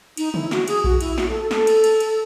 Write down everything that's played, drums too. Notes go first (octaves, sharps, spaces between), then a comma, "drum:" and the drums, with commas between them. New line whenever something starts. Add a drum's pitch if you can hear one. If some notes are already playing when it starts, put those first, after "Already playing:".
D#4, drum: cymbal
E4, drum: tom C#3
F#4, drum: snare
G#4, drum: cymbal
F#4, drum: kick A#1
E4, drum: cymbal
F#4, drum: snare
A4
A4
A4, drum: snare
drum: cymbal
drum: cymbal
drum: cymbal